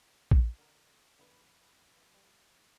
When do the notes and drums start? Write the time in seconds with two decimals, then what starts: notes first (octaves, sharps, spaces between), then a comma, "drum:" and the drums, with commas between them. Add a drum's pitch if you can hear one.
0.31 drum: kick
0.59 D3 A#4
1.19 F1 D3 B3 B5
2.15 G3